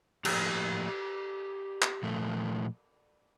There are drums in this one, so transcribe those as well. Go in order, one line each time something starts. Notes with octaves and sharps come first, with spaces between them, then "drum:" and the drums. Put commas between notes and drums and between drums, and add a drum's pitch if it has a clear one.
A2 F3 A#3 G4, drum: cymbal
drum: clap
A#2 F3 A3